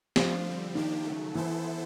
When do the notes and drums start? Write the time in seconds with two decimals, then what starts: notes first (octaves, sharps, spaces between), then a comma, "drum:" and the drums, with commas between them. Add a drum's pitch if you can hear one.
0.16 F3 A3 D4 F4, drum: snare
0.46 D3 G3 C4
0.75 D#3 F3 A#3 D4 G4
1.05 C#3 F#3 A3
1.34 E3 B3 E4 A4 C5